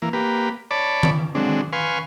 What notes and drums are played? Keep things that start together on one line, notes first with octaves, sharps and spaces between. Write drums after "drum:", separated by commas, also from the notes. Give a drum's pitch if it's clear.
E3 A#3
A#3 G4 B4
C#5 D5 A5 B5 D6
drum: tom D#3
D3 F#3 G#3 C4 D4
B4 F5 G#5 C6 C#6